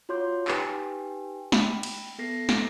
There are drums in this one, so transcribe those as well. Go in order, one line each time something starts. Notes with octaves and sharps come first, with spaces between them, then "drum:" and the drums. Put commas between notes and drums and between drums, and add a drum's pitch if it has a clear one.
F4 F#4 C#5 C6 D6 G6
D#4 G4 B4 G5 G#5, drum: clap
G5 B5, drum: snare
drum: cymbal
B3 A4 A#6 C7
drum: snare